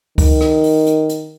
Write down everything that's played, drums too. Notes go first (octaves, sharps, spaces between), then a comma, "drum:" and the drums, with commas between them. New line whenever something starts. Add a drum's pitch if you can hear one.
D#3, drum: kick C#2, open hi-hat
drum: rim click
drum: open hi-hat
drum: hi-hat
drum: hi-hat